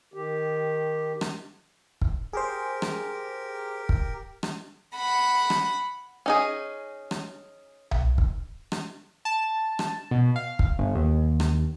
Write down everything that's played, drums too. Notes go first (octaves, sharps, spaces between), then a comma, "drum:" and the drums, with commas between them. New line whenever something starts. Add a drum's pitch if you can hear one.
D#3 G4
drum: rim click
drum: kick
G4 G#4 A#4 C5
drum: rim click
drum: kick
drum: rim click
F#5 B5
drum: rim click
C#4 D#4 G#4
drum: rim click
drum: tom B1
drum: kick
drum: rim click
A5
drum: rim click
B2
F5
drum: kick
G1
D#2
drum: rim click